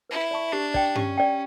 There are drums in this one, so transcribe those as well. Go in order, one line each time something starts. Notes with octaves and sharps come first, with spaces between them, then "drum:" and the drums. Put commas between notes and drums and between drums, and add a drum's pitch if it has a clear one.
E4 B4
D5 A5 C#6
D4 G4
D5 G5, drum: kick
C#4 G4, drum: tom G2
D5 G5